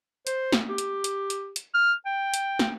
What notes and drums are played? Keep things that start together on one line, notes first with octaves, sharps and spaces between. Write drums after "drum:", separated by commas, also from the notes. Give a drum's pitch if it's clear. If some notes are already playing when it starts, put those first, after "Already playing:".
C5, drum: hi-hat
drum: snare
G4
drum: hi-hat
drum: hi-hat
drum: hi-hat
drum: hi-hat
F6
G5
drum: hi-hat
drum: snare